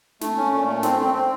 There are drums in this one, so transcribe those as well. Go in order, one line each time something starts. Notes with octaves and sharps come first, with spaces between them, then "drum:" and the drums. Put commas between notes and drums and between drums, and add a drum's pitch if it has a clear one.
A3, drum: snare
C#4
A#2
A3
C4, drum: snare
C4
C4